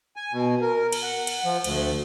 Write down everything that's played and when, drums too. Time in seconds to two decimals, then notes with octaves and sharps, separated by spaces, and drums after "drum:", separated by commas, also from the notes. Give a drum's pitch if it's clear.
0.16 G#5
0.32 B2
0.62 A#4
0.93 drum: cymbal
1.03 F#5
1.27 drum: cymbal
1.45 F3
1.64 D2, drum: cymbal